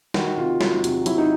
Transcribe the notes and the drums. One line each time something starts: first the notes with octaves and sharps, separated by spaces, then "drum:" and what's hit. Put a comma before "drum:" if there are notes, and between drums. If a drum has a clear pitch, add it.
D#3 F#4, drum: snare
C3 F4
F#3, drum: snare
C3, drum: hi-hat
F#3 E4, drum: hi-hat
D#4